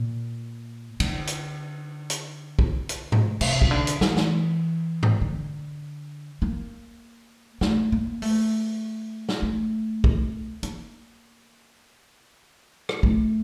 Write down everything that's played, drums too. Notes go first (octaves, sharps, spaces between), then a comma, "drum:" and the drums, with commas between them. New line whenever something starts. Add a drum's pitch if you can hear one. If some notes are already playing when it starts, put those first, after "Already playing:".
Already playing: A#2
D3, drum: cymbal
drum: hi-hat
drum: hi-hat
drum: kick
drum: hi-hat
drum: tom G#2
C3, drum: cymbal
drum: kick
D3
drum: hi-hat
E3, drum: snare
drum: snare
drum: tom G#2
D3
A#3
A3, drum: snare
A#3
A3, drum: open hi-hat
drum: snare
A3
drum: kick
A#3, drum: hi-hat
drum: rim click
A3, drum: kick